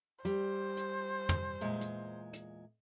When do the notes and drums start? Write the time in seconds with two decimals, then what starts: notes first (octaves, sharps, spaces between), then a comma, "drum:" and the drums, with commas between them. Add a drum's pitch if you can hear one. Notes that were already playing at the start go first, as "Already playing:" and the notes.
0.25 G3 C5, drum: hi-hat
0.77 drum: hi-hat
1.29 drum: tom
1.61 E2 A#2 G#3
1.81 drum: hi-hat
2.33 drum: hi-hat